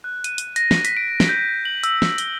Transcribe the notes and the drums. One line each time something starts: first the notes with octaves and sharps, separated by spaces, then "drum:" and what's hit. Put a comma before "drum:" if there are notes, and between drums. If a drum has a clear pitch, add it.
F#6
D#7, drum: hi-hat
drum: hi-hat
A#6, drum: hi-hat
drum: snare
B6, drum: hi-hat
D7
drum: snare
G6
F#7
E6, drum: hi-hat
drum: snare
G7, drum: hi-hat